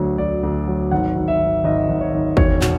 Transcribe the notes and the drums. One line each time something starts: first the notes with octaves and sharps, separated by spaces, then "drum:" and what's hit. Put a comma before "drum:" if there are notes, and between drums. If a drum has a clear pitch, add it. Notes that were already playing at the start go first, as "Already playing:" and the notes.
Already playing: D2 D3 F#3 C#5
D2 D5
D2
F#3
G#1 F#5
G#1
E5
G#1
G#1 D#5
G#1
C#5
G#1
E1 C#5, drum: kick
B2, drum: clap